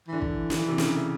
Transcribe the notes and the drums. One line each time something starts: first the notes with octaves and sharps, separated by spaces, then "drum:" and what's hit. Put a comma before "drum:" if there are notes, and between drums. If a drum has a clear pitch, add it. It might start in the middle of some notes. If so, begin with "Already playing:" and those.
D3 E3
E3, drum: kick
drum: snare
C3
C#3, drum: snare